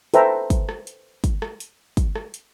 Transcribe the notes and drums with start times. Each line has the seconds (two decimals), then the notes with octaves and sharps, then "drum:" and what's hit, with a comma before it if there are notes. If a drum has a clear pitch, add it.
0.14 A4 B4 C5 E5 G5 A#5, drum: hi-hat
0.50 drum: kick, hi-hat
0.69 drum: rim click
0.87 drum: hi-hat
1.24 drum: kick, hi-hat
1.42 drum: rim click
1.60 drum: hi-hat
1.97 drum: kick, hi-hat
2.15 drum: rim click
2.34 drum: hi-hat